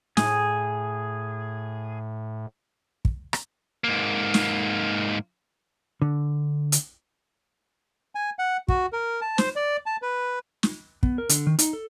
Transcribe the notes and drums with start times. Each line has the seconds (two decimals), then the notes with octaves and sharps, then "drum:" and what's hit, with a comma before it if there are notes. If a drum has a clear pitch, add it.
0.17 A2 G#4, drum: snare
3.05 drum: kick
3.33 drum: rim click
3.84 G#2 A#3
4.34 drum: snare
6.02 D3
6.72 drum: hi-hat
8.15 G#5
8.39 F#5
8.68 F#4, drum: kick
8.93 A#4
9.21 A5
9.38 C5, drum: snare
9.56 D5
9.86 A5
10.02 B4
10.63 drum: snare
11.03 B3, drum: kick
11.18 A#4
11.29 D3, drum: hi-hat
11.47 D#3
11.59 D#4, drum: hi-hat
11.73 A4